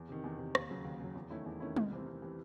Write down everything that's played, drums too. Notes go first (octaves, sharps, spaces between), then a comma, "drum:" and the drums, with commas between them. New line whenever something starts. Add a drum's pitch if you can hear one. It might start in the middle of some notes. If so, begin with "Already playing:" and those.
Already playing: E2
C3 D#3
E2
C3 D#3
D#2, drum: rim click
C#3 F#3
D#2
C#3 F#3
E2
D#3 A3 C#4 E4
E2
D#3 A3 C#4 E4
C2, drum: tom G3
C3 E3 C4
C2
C3 E3 C4